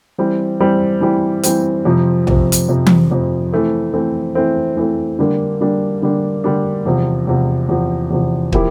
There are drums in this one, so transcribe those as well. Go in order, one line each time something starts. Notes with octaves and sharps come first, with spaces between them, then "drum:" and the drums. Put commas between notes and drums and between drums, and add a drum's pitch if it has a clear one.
E3 G3 C4
E3 G3 C4
E3 G3 C4
E3 G3 C4, drum: hi-hat
F2 C3 F3
F2 C3 F3, drum: tom B1
drum: hi-hat
F2 C3 F3
drum: tom E3
F2 C3 F3
E3 A3 C4
E3 A3 C4
E3 A3 C4
E3 A3 C4
D3 G3 A#3 D4
D3 G3 A#3 D4
D3 G3 A#3 D4
D3 G3 A#3 D4
E2 C3 F3
E2 C3 F3
E2 C3 F3
E2 C3 F3
F3 A#3 E4 G4, drum: kick